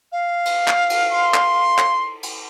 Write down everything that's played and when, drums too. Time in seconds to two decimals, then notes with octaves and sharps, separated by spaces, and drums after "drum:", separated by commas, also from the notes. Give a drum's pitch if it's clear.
0.12 F5
0.46 drum: cymbal
0.68 drum: clap
0.90 drum: cymbal
1.12 C6
1.34 drum: clap
1.79 drum: clap
2.23 drum: cymbal